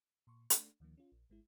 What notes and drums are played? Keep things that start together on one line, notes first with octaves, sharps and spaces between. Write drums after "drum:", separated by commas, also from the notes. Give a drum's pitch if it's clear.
A#2 C6 C#6
A3 D4 A4, drum: hi-hat
D2 D#3 F3 A#3
C#4 F4
A#1
G#1 G#3 E4